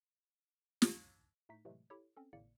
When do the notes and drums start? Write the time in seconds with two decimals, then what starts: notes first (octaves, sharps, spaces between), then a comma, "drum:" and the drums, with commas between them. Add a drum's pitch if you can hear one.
0.82 drum: snare
1.49 A2 A3 D#4 B6
1.65 A2 C3 E3 F#3 G#3 A3
1.90 E4 G4 A4 C#5
2.17 C4 C#4 A4
2.33 G#1 A2 C#3 A#3 D5 C#7